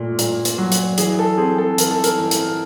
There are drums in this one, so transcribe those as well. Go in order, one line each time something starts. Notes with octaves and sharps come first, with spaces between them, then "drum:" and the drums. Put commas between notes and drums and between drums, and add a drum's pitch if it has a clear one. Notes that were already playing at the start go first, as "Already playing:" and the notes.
Already playing: A#2 A3
A#2, drum: hi-hat
drum: hi-hat
F#3
drum: hi-hat
E3 G#4, drum: hi-hat
A4
C4 G#4
A4
E3 A#4, drum: hi-hat
A4
A#4, drum: hi-hat
E3
drum: hi-hat